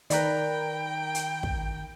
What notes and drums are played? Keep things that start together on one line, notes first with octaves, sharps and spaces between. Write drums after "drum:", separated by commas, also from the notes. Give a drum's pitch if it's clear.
D#3 A#4 B4 D5 G5 A#5 B5, drum: hi-hat
drum: hi-hat
drum: kick